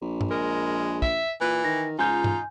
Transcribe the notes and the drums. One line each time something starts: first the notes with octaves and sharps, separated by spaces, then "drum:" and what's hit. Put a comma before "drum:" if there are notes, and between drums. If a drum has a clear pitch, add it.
A#1
drum: tom G2
G#3 A#4
E5, drum: kick
A#2 E3 B4
D#3 A#6
C#2 D#4 F4 G#5 G6
drum: tom G2